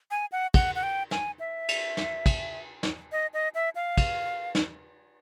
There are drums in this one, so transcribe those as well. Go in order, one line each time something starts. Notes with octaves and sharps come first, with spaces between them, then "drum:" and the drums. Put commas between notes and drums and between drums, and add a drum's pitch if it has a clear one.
G#5
F#5
F#5, drum: kick, cymbal
F#5
G5
G#5, drum: snare
E5
drum: cymbal
drum: snare
drum: kick, cymbal
drum: snare
D#5
D#5
E5
F5
drum: kick, cymbal
drum: snare